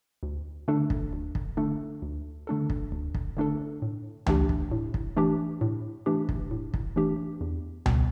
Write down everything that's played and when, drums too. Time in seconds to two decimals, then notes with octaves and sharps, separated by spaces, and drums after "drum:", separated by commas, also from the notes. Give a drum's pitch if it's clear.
0.23 D2
0.68 D3 A3 D4 A4
0.90 drum: kick
1.13 D2
1.35 drum: kick
1.57 D3 A3 D4 A4
2.02 D2
2.47 D3 A3 D4 A4
2.70 drum: kick
2.92 D2
3.15 drum: kick
3.37 D3 A3 D4 A4
3.82 A2
4.26 E3 A3 D4 G4, drum: tom C#2
4.49 drum: kick
4.72 A2
4.94 drum: kick
5.17 E3 A3 D4 G4
5.61 A2
6.06 E3 A3 D4 G4
6.29 drum: kick
6.51 A2
6.74 drum: kick
6.96 E3 A3 D4 G4
7.41 E2
7.86 B2 G3 B3, drum: tom C#2